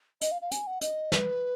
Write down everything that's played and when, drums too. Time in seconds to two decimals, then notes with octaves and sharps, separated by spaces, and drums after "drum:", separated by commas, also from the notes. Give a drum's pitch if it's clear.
0.21 D#5, drum: hi-hat
0.32 F5
0.42 F5
0.51 G#5, drum: hi-hat
0.67 F#5
0.81 D#5, drum: hi-hat
1.12 B4, drum: snare